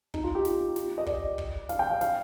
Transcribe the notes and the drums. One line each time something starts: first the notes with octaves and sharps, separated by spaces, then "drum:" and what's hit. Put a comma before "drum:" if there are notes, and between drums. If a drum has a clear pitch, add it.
D#4, drum: kick
F4
G4
drum: snare
drum: snare
D#5
D5, drum: kick
drum: kick
F5, drum: snare
G5
F5
F5, drum: snare